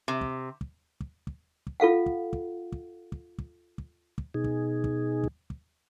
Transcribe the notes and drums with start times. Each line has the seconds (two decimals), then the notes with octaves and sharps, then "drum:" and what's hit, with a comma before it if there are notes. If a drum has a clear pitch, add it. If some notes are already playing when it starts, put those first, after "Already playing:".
0.08 C3
0.21 drum: kick
0.61 drum: kick
1.00 drum: kick
1.27 drum: kick
1.67 drum: kick
1.80 F4 A4 F5 F#5
2.06 drum: kick
2.33 drum: kick
2.72 drum: kick
3.12 drum: kick
3.38 drum: kick
3.78 drum: kick
4.18 drum: kick
4.34 B2 D#4 G#4
4.44 drum: kick
4.84 drum: kick
5.24 drum: kick
5.50 drum: kick